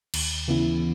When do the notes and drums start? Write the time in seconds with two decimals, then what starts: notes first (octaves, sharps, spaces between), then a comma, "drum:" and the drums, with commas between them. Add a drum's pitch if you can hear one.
0.14 D#2, drum: cymbal
0.48 C#3 E3 B3 E4